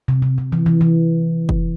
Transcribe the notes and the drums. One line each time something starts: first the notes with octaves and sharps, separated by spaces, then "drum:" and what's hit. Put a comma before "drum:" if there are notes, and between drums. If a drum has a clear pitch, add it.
C3
C3
C3
E3
E3
E3
drum: kick